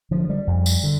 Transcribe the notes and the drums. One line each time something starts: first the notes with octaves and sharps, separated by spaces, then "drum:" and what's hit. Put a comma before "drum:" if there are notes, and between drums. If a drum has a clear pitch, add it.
D3 F3
G3
F2
drum: tambourine
D3